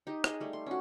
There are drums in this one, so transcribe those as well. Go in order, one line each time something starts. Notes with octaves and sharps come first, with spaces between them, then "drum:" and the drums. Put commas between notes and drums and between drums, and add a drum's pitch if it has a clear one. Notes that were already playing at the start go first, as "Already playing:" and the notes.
D#4 G4
G#4 D#5, drum: rim click
G3 A3
C6
C#4 F#4